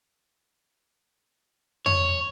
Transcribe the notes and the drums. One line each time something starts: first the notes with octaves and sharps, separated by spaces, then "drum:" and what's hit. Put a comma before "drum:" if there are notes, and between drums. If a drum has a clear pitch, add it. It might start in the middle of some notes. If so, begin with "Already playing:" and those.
C#5, drum: tom F2